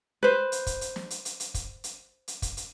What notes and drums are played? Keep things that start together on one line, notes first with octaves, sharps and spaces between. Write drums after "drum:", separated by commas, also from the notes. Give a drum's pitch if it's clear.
B4 C5
drum: hi-hat
drum: kick, hi-hat
drum: hi-hat
drum: snare
drum: hi-hat
drum: hi-hat
drum: hi-hat
drum: kick, hi-hat
drum: hi-hat
drum: hi-hat
drum: kick, hi-hat
drum: hi-hat